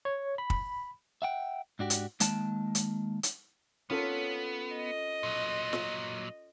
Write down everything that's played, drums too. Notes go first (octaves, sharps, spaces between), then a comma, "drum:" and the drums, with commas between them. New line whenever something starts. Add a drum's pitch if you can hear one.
C#5
B5
drum: kick
E5 F#5 G5
G#2 D4 F#4 G4
drum: hi-hat
D#3 G#3 A#3 A5, drum: hi-hat
drum: hi-hat
drum: hi-hat
B3 C#4 F4 A4
D#5
A#2 F#3
drum: snare